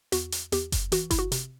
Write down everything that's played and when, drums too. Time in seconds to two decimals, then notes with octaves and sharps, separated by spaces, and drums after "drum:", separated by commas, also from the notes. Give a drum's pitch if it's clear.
0.12 E2 F#4, drum: hi-hat
0.32 drum: hi-hat
0.52 E2 G4, drum: hi-hat
0.72 drum: kick F#1, hi-hat
0.92 E3 F#4, drum: hi-hat
1.11 E4, drum: kick F#1, hi-hat
1.19 F#4
1.32 C3, drum: hi-hat